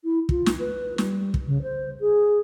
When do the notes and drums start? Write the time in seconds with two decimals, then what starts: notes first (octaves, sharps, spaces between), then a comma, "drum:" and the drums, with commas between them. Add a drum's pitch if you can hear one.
0.04 E4
0.29 F4, drum: kick
0.46 drum: snare
0.59 B4
0.98 G3, drum: snare
1.34 drum: kick
1.46 C#3
1.62 C5
2.00 G#4